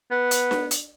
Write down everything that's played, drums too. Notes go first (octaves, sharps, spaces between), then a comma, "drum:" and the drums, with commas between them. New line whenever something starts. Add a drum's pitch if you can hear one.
B3
drum: hi-hat
drum: snare D4
drum: hi-hat